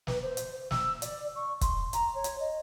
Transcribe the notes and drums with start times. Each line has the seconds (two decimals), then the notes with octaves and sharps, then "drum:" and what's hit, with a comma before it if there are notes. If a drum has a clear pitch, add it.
0.07 B4, drum: snare
0.22 C5
0.37 drum: hi-hat
0.71 E6, drum: snare
1.02 D5, drum: hi-hat
1.36 C#6
1.61 C6, drum: kick, hi-hat
1.93 A#5, drum: hi-hat
2.14 C#5
2.24 drum: hi-hat
2.39 D#5